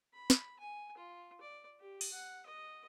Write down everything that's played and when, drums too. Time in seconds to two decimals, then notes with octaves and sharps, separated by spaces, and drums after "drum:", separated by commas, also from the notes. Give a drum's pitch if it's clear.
0.14 B5
0.30 drum: snare
0.59 G#5
0.97 F4
1.41 D5
1.80 G4
2.01 drum: open hi-hat
2.12 F#5
2.46 D#5